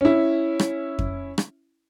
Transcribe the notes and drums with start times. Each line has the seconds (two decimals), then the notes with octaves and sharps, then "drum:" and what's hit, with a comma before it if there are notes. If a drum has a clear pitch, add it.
0.01 C#4 E4
0.59 drum: rim click
0.99 drum: kick F2
1.38 drum: rim click